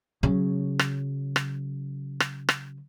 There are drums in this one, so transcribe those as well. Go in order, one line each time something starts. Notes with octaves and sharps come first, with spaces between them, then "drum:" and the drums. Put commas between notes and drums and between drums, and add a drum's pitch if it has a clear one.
C#3 F#3
drum: rim click
drum: rim click
drum: rim click
drum: rim click